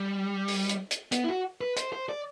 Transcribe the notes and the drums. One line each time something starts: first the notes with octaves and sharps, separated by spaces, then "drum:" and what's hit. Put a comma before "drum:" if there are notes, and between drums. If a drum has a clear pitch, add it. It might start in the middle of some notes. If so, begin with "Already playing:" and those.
Already playing: G3
drum: open hi-hat
drum: hi-hat
drum: hi-hat
B3, drum: hi-hat
E4
F#4
B4
C5, drum: hi-hat
C5
D5